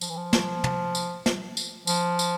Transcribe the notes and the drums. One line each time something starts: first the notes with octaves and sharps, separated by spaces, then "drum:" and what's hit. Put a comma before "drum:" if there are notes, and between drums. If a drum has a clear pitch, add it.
F3, drum: tambourine
E3
F3
drum: snare
drum: tom
drum: tambourine
drum: snare
drum: tambourine
F3, drum: tambourine
drum: tambourine